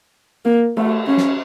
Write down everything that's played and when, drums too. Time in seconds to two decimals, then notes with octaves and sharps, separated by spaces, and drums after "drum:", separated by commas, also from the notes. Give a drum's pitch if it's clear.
0.45 A#3
0.77 A3, drum: cymbal
1.07 C#4
1.18 drum: snare